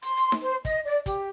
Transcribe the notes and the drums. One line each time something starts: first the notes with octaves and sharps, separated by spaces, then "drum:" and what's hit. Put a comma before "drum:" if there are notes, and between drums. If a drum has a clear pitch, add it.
C6, drum: hi-hat
drum: hi-hat
drum: snare D#4
C5
D#5, drum: kick, hi-hat
D5
G4, drum: kick, hi-hat